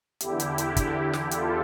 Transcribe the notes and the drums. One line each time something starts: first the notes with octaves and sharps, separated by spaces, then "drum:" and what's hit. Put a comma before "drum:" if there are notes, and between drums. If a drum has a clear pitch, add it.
E2 D3 E4 G4, drum: hi-hat
drum: hi-hat
drum: hi-hat
drum: kick, hi-hat
drum: snare
F4 A4, drum: hi-hat